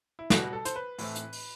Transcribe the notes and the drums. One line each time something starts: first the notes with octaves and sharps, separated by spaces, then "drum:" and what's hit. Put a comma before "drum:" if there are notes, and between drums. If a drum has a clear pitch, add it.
E4
B2 G3 B3 F#4, drum: snare
A4
C5, drum: hi-hat
B4
A2 E3 A3 C4, drum: open hi-hat
drum: hi-hat
drum: open hi-hat